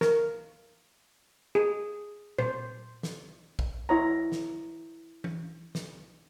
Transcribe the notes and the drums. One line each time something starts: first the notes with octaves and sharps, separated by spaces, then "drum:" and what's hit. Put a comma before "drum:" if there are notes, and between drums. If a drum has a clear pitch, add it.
A#4, drum: snare
G#4
C5, drum: tom A#2
drum: snare
drum: kick
E4 C#5 A#5
drum: snare
drum: tom E3
drum: snare